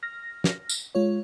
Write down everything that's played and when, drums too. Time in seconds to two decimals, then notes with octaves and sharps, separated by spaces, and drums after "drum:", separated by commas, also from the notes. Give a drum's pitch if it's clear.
0.03 F6 A#6
0.44 drum: snare
0.69 drum: tambourine
0.95 G#3 F4 C#5